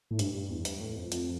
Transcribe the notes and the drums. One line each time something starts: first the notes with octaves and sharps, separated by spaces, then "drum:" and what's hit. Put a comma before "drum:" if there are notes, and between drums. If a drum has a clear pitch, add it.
A2
G2, drum: hi-hat
G2
E2
G2, drum: hi-hat
A2
F2
F2, drum: hi-hat